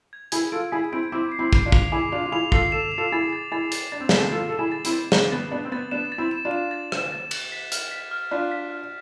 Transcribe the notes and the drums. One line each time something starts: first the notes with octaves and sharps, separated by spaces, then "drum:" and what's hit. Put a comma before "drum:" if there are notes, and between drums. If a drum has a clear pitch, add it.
G#6
E4 G#4 G#6, drum: hi-hat
F4 A4 D7
E4 G#4 B6
C4 E4 D7
C4 E4 D6
C7
C4 E4
C7, drum: kick
D4 F4
F7, drum: kick
E4 G#4 D6
D4 F4 F7
F4
E4 G#4 F7
F4 A4 C7, drum: kick
A4 E7
E7
F4 A4
E4 G#4 A6
A6
E4 G#4 A6
A6, drum: hi-hat
D4 A6
C4
B3 E7, drum: snare
A3 C4
F4 A4 A6
A4 E7
E4 G#4
A6
C4 E4, drum: hi-hat
A6
B3 D4 E7, drum: snare
B3 A6
B3 D4 A6
C4
B3 A6
B3 D4 E7
A6
C4 E4
E7
D4 F4
E7
A6
E7, drum: rim click
A6
A6, drum: cymbal
B6
F6, drum: hi-hat
B6
F6
D4 F4 B6
B6
F6